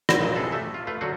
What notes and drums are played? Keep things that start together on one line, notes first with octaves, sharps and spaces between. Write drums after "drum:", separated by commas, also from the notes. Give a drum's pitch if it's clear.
drum: rim click
B1 A#2 D#5
C3 G#4 A4 B4
A3 E5
F4
A3 F4 B4
D3 F#3 F#4 C5